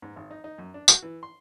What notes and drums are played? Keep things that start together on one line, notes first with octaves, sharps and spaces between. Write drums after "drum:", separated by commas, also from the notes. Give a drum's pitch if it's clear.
G#2
G#1
D#4
D#4
F#2
D4
F#4, drum: tambourine
E3
C6